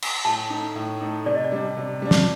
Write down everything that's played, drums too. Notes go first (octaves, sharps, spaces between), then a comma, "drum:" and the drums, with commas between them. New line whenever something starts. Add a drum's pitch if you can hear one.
drum: cymbal
A2 A5
A3 D#4
A2
A3 D#4
C3 D5
D#5
D5
G3 D4
C3
G3 D4
drum: snare